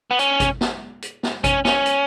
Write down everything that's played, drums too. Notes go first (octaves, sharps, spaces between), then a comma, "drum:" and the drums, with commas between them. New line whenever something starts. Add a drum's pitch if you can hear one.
B3
C#4, drum: hi-hat
drum: kick G#1, hi-hat
drum: snare
drum: hi-hat
drum: snare
C#4, drum: kick G#1, hi-hat
C#4, drum: snare
drum: hi-hat